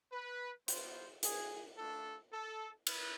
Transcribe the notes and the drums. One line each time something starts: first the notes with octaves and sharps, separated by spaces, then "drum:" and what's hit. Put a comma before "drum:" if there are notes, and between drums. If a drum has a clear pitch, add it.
B4
B3 F4 C5, drum: hi-hat
G#4, drum: hi-hat
A3 D4 F4 A4
A4
E4 B4, drum: cymbal